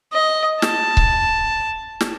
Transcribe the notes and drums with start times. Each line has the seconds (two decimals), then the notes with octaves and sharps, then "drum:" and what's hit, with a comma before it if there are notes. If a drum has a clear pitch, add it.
0.13 D#5
0.62 A5, drum: snare
0.97 drum: kick C#1
2.01 drum: snare